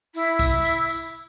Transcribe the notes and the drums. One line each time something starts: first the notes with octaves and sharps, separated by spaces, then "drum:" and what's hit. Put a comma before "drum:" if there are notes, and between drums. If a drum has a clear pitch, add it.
E4, drum: tambourine
drum: kick, tambourine
drum: tambourine
drum: tambourine